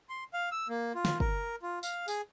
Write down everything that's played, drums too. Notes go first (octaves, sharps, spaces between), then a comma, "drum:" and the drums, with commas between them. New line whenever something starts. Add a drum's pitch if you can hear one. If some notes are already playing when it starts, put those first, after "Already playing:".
C6
F5
E6
A#3
F4
drum: snare
A#4, drum: kick
F4
F5, drum: tambourine
G#4, drum: tambourine